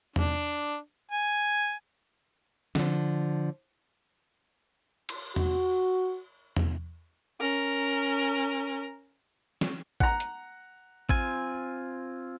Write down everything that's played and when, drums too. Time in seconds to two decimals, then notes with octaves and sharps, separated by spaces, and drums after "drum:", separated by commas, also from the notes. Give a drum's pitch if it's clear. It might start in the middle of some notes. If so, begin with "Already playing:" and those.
0.16 D4, drum: tom E2
1.11 G#5
2.75 D3 F3, drum: snare
5.09 drum: cymbal
5.36 F#4, drum: tom E2
6.56 drum: tom E2
7.40 C#4 A#4
9.61 drum: snare
10.00 F#5 A#5, drum: kick A1
10.20 drum: hi-hat
11.09 C4 F4 G#5, drum: kick A1